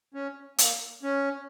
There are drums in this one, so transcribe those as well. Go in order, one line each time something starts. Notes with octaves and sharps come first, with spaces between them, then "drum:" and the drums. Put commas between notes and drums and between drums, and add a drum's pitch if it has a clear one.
C#4
A#3, drum: hi-hat
C#4